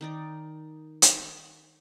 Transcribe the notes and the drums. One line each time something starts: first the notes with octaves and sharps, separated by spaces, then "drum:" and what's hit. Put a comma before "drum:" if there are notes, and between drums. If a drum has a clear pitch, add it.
D#3 D#4 D5
drum: hi-hat